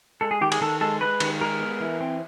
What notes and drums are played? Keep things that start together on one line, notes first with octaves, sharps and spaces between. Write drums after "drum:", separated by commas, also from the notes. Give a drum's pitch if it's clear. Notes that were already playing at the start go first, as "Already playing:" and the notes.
G#3 A4
G#4
D#3 G4
G#4, drum: cymbal
D#3 A4
G#3 A4
G#3 B4
D#3, drum: cymbal
G#3 A#4
B3
E3
C4